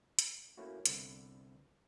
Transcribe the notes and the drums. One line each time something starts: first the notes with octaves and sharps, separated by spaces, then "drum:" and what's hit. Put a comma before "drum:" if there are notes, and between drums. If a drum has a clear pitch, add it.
drum: hi-hat
A3 A#3 C#4 E4 F#4
C2 D3 B3, drum: hi-hat